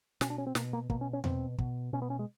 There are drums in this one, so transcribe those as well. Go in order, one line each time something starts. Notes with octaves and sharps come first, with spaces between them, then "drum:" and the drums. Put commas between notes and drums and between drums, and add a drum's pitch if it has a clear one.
B2 C#4, drum: snare
D4
C#4
C4
B2 A#3, drum: snare
A#3
B2 A#3, drum: kick
C#4
C#4
B2 C4, drum: tom E2
B2, drum: kick
B2 C#4
B3
C#4
G#3